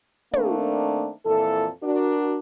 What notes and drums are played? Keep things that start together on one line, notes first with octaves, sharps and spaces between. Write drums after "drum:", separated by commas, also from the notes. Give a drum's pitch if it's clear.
D#3 A3 A#3 C4 D4, drum: tom
F2 A#2 E3 A4
D4 F#4 A#4